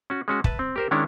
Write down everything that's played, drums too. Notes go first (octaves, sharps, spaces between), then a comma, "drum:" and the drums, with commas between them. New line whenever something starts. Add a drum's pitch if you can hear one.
C#4 F#4
G#3 C#4 F#4
B4 E5 A5, drum: kick
C4
G4 A#4 C5
D#3 G#3 C#4 D4 E4 C#5